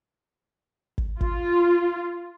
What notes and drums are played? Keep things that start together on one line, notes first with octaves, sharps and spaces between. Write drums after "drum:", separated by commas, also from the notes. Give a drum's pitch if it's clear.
drum: kick
F4, drum: kick